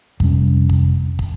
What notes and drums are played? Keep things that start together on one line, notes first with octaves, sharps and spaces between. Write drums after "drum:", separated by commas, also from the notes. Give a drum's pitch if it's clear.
F2 C3 G3 C#4, drum: kick
drum: kick
drum: kick